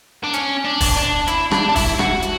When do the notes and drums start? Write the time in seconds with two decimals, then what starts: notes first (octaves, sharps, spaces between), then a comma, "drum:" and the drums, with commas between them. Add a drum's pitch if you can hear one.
0.24 D4
0.33 C#4, drum: hi-hat
0.65 D4
0.81 drum: kick, open hi-hat
0.96 D4
1.27 E4, drum: hi-hat
1.51 D4, drum: rim click
1.69 D4
1.76 E4, drum: kick, open hi-hat
1.99 F#4, drum: rim click
2.22 drum: hi-hat